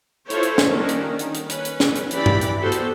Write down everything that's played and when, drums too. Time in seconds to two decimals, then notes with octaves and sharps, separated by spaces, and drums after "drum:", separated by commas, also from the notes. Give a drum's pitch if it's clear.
0.30 E4 F4 A4 C5 C#5, drum: hi-hat
0.43 drum: hi-hat
0.58 drum: snare
0.69 D#3 G3 A#3 C#4 D4
0.89 drum: hi-hat
1.00 D#3
1.19 drum: hi-hat
1.34 drum: hi-hat
1.50 C#4 B4, drum: hi-hat
1.65 drum: hi-hat
1.80 drum: snare
1.95 drum: hi-hat
2.11 E3 G4 D5 B5, drum: hi-hat
2.26 drum: tom G2
2.41 drum: hi-hat
2.62 B3 F#4 G4 A4 C5
2.72 drum: hi-hat